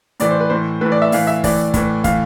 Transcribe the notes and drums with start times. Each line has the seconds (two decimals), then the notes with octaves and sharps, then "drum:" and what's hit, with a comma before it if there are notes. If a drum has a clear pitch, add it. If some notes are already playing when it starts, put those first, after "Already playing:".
0.20 A2 E3 D5, drum: hi-hat
0.31 C5
0.40 B4
0.50 A2 E3 C5
0.81 A2 E3 B4
0.92 D5
1.02 E5
1.12 A2 E3 F5, drum: open hi-hat
1.27 E5
1.44 A2 E3 D5, drum: kick, open hi-hat
1.74 A2 E3, drum: kick, hi-hat
2.04 A2 E3 F5, drum: kick, hi-hat